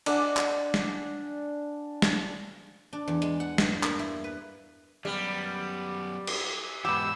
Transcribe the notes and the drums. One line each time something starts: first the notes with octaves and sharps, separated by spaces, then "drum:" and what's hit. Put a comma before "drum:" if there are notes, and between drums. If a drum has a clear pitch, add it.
D4 D5 F#5 G#5, drum: cymbal
drum: clap
drum: snare
drum: snare
D4
E2
G#3, drum: hi-hat
F#5
G2, drum: snare
A#3, drum: clap
E4
B4
F#2 G3 B3
drum: cymbal
E2 G#2 B3 G4 E6